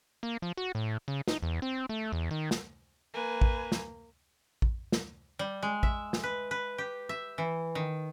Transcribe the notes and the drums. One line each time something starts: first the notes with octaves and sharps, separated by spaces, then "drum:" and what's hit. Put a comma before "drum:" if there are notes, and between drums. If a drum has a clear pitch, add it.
A#3
F3
F#4
A2
C#3
D#4, drum: snare
E2
C4
A3
E2
D#3
drum: snare
A#3 B4 G#5
drum: kick
drum: snare
drum: kick
drum: snare
G3
G#3
E5, drum: kick
drum: snare
B4
B4
G4
E5
E3
D#3